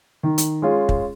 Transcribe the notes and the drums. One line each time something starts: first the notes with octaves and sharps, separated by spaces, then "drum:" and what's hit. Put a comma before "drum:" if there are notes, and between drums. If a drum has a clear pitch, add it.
D#3
drum: hi-hat
G#3 C#4 F4
drum: kick